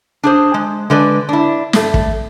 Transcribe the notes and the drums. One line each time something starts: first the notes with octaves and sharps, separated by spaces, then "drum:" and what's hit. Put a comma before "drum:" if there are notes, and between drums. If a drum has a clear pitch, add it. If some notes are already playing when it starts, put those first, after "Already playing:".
D4 G#4 C5
G#3
D3 G#3 B4 D5
D4 E4
G2 A3, drum: snare
drum: kick